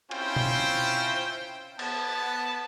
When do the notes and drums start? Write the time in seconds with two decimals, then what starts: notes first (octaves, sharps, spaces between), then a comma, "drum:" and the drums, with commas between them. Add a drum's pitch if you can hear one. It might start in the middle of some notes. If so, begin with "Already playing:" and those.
0.11 C4 C#4 E4 F4 C5 G5, drum: cymbal
0.36 drum: tom B2
1.79 B3 A5, drum: cymbal